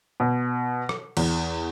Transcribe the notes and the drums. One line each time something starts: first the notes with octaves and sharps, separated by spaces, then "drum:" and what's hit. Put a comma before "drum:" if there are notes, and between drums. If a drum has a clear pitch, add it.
B2
drum: rim click
E2, drum: cymbal